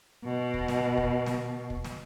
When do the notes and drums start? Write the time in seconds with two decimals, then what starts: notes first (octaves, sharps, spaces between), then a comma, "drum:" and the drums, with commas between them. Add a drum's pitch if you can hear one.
0.25 B2
0.54 drum: kick
0.68 drum: snare
0.97 drum: kick
1.26 drum: snare
1.70 drum: kick
1.84 drum: snare